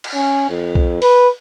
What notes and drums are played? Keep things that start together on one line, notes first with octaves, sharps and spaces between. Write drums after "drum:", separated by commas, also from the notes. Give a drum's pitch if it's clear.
drum: cymbal
C#4
F2
drum: kick B1
B4, drum: open hi-hat